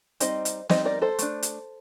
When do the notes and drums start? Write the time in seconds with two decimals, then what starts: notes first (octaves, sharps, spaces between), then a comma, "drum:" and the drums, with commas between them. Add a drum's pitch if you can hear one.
0.20 G3 C4 D#4 C5 D#5, drum: hi-hat
0.45 drum: hi-hat
0.69 G3 C4 D#4 C5 D#5, drum: snare
0.85 A#4 D5
1.02 A4 C5
1.19 A3 D4, drum: hi-hat
1.43 drum: hi-hat